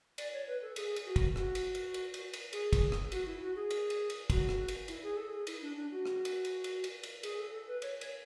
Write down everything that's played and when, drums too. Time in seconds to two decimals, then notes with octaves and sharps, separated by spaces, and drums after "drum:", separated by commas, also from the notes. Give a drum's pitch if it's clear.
0.18 D5, drum: cymbal
0.33 C#5
0.48 B4
0.62 A4
0.76 G#4, drum: cymbal
0.96 drum: cymbal
1.06 F#4
1.16 drum: kick, cymbal
1.36 F#4, drum: rim click
1.55 drum: cymbal
1.75 drum: cymbal
1.94 drum: cymbal
2.14 drum: cymbal
2.33 drum: cymbal
2.53 G#4, drum: cymbal
2.73 drum: kick, cymbal
2.92 drum: rim click
3.12 F#4, drum: cymbal
3.26 E4
3.41 F#4
3.56 G#4
3.71 drum: cymbal
3.90 drum: cymbal
4.10 drum: cymbal
4.30 F#4, drum: kick, cymbal
4.49 drum: rim click
4.68 drum: cymbal
4.88 E4, drum: cymbal
5.03 G#4
5.17 A4
5.32 G#4
5.47 E4, drum: cymbal
5.62 D4
5.76 D4
5.91 F#4
6.05 drum: rim click
6.25 drum: cymbal
6.45 drum: cymbal
6.64 drum: cymbal
6.84 drum: cymbal
7.03 drum: cymbal
7.23 G#4, drum: cymbal
7.37 A4
7.52 A4
7.68 B4
7.82 C#5, drum: cymbal
8.01 drum: cymbal